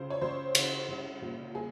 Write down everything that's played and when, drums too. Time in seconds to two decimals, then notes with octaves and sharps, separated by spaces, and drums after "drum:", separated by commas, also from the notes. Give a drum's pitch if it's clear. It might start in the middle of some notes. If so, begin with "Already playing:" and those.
Already playing: C#2 C#3 C5
0.10 C#5
0.21 C#2 C5
0.55 C#3, drum: cymbal
0.88 C2
1.22 A#2
1.55 G#4